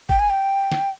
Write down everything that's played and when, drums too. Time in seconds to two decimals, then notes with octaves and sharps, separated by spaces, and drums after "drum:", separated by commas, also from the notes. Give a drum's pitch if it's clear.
0.09 G5, drum: kick
0.19 G#5
0.30 G5
0.72 drum: snare